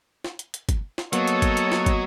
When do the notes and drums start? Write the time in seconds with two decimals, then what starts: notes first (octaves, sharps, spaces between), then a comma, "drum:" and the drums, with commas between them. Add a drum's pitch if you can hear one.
0.24 drum: snare
0.39 drum: hi-hat
0.54 drum: hi-hat
0.69 drum: kick, hi-hat
0.98 drum: snare
1.13 F#3 A#3 B3 A4 C#5 D#5 C#6, drum: hi-hat
1.27 drum: hi-hat
1.42 drum: kick, hi-hat
1.57 drum: hi-hat
1.72 drum: snare
1.86 drum: kick, hi-hat